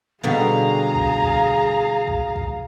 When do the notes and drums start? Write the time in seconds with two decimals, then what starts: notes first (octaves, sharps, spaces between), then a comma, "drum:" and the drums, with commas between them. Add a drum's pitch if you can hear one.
0.23 B2 D3 G3 G#4 F5 A#5
0.94 drum: kick
1.23 drum: kick
2.08 drum: kick
2.36 drum: kick